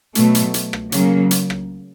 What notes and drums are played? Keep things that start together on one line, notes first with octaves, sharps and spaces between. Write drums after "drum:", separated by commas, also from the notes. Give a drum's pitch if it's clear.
B2 F#3 A3, drum: hi-hat
drum: hi-hat
drum: hi-hat
drum: rim click
C#3 F#3 A#3, drum: hi-hat
drum: hi-hat
drum: rim click